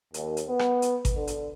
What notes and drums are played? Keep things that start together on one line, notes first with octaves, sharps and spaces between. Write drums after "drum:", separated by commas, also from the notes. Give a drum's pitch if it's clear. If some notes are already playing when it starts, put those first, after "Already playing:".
D#2, drum: hi-hat
drum: hi-hat
B3
drum: rim click
drum: hi-hat
drum: kick G#1, hi-hat
D3
drum: hi-hat